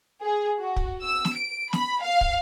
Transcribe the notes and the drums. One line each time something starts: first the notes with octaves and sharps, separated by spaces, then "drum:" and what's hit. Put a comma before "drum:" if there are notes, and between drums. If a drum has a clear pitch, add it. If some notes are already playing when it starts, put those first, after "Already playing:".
G#4
F#4
drum: kick
E6
drum: snare
D7
B5, drum: snare
F5
drum: kick